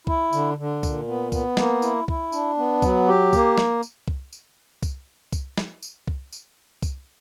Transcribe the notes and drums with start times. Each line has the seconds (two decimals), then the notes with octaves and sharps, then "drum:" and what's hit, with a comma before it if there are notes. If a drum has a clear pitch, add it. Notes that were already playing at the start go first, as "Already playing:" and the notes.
0.07 E4, drum: kick C2
0.33 D3, drum: tambourine
0.58 D3
0.83 A#2, drum: kick C2, tambourine
1.08 B3
1.32 B3, drum: kick C2, tambourine
1.57 A#3, drum: snare
1.82 E4, drum: tambourine
2.08 E4, drum: kick C2
2.32 D4, drum: tambourine
2.58 B3
2.82 F#3, drum: kick C2, tambourine
3.08 G4
3.33 A#3, drum: kick C2, tambourine
3.58 drum: snare
3.83 drum: tambourine
4.08 drum: kick C2
4.33 drum: tambourine
4.83 drum: kick C2, tambourine
5.33 drum: kick C2, tambourine
5.58 drum: snare
5.83 drum: tambourine
6.08 drum: kick C2
6.32 drum: tambourine
6.82 drum: kick C2, tambourine